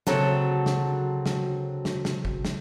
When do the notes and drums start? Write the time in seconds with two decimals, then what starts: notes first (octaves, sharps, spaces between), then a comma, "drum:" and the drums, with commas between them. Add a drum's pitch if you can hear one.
0.07 D2 C#3 F#3 C4 A4 F#5 A5 A#5, drum: snare
0.66 drum: snare
1.26 drum: snare
1.85 drum: snare
2.05 drum: snare
2.25 drum: kick
2.45 drum: snare